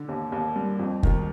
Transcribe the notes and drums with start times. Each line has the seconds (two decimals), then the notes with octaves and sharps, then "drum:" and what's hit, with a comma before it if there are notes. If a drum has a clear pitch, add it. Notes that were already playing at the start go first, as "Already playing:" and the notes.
Already playing: D3
0.09 D#2
0.32 D#2
0.56 G3
0.79 F2
1.03 D#3, drum: kick